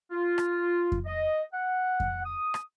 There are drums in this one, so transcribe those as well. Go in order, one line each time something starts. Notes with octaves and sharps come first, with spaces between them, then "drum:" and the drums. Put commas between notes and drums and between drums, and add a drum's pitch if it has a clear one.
F4
drum: rim click
drum: kick F2
D#5
F#5
drum: kick F2
D#6
drum: rim click